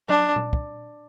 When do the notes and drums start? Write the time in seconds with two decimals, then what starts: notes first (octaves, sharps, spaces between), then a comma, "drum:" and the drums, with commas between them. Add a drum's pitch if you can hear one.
0.09 D4, drum: tom F#3
0.36 drum: tom A#2
0.53 drum: kick